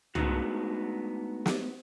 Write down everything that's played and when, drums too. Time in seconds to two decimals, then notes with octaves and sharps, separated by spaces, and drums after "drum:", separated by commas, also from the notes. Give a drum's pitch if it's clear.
0.15 G#3 A3 B3 D4 D#4 F#4, drum: tom
1.46 drum: snare